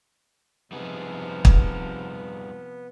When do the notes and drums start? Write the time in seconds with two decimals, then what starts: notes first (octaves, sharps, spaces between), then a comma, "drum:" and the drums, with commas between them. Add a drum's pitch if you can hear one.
0.72 C3 F3 G3 B3 D#4 G#4
1.45 drum: kick